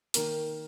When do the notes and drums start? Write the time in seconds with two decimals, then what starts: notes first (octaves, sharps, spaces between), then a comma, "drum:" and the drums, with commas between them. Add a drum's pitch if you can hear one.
0.14 D#3 A#3 A#4, drum: hi-hat